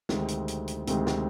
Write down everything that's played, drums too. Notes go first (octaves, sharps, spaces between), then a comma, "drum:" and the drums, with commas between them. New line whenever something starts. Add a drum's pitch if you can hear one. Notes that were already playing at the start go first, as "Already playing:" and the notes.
D2 C3 D#3 G#3 C4, drum: snare
drum: hi-hat
drum: hi-hat
drum: hi-hat
D2 C3 D#3 G#3 C4, drum: hi-hat
drum: snare